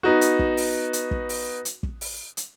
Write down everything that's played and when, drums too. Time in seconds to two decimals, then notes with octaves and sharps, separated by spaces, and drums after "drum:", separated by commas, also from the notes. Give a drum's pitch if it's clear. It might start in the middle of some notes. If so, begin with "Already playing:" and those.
0.03 B3 D#4 F#4
0.21 drum: hi-hat
0.39 drum: kick
0.57 drum: open hi-hat
0.93 drum: hi-hat
1.11 drum: kick
1.29 drum: open hi-hat
1.65 drum: hi-hat
1.83 drum: kick
2.01 drum: open hi-hat
2.37 drum: hi-hat